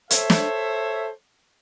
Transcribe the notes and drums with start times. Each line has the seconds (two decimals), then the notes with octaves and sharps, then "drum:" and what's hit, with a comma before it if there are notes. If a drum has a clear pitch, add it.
0.10 A4 C5 C#5 E5, drum: hi-hat
0.30 drum: snare